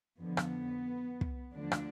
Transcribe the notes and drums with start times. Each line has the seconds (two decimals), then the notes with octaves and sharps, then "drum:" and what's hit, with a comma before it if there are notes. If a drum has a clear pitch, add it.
0.20 F2 D3 F3 B3
0.37 drum: rim click
1.21 drum: kick
1.54 D2 D3 F3 D4
1.72 drum: rim click